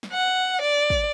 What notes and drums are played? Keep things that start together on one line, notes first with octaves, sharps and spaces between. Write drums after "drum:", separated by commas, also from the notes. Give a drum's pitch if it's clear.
drum: snare
F#5
D5
drum: kick